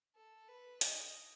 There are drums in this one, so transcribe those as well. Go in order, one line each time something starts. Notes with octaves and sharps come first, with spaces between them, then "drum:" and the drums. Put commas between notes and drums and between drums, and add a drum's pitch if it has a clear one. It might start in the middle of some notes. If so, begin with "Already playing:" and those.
A4
B4
D#5, drum: hi-hat